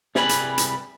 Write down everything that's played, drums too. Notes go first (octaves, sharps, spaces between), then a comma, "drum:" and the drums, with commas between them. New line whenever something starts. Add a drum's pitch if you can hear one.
C2 G3 G#4 B4 B5, drum: snare
drum: hi-hat
drum: hi-hat